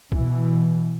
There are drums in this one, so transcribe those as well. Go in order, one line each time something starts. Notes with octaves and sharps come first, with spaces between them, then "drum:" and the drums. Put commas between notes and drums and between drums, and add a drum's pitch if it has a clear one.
B2 E3, drum: kick